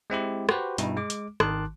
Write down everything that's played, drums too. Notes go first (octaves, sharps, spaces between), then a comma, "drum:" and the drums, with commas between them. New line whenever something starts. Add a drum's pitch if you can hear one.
G#3 C4 E4 G4
F#4 G4 B4 C5, drum: rim click
G2 B2 D#4 E4, drum: hi-hat
G#3 D6
drum: hi-hat
G#1 D#3 A5 C6 D6 F#6, drum: rim click